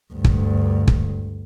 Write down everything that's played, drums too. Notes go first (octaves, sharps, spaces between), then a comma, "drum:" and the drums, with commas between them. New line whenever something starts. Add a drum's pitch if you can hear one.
D2 G2
drum: kick
drum: kick